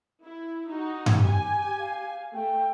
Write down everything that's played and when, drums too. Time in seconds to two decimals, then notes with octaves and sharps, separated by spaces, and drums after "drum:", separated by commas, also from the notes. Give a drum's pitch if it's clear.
0.24 E4
0.69 D#4 F#4
1.06 drum: tom G2
1.20 G4 G#5
1.79 F5
2.34 A3 G5